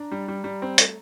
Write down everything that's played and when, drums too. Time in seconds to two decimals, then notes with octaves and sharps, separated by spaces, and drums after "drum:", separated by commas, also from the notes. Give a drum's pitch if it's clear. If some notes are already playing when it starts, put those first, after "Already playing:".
Already playing: D4 A#5
0.12 G3
0.28 G3
0.44 G3
0.62 C4
0.78 A3, drum: hi-hat